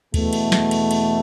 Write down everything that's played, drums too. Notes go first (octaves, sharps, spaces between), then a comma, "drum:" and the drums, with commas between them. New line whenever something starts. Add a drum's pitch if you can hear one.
E2 B2 A3, drum: kick, cymbal
drum: cymbal
drum: snare
drum: cymbal
drum: cymbal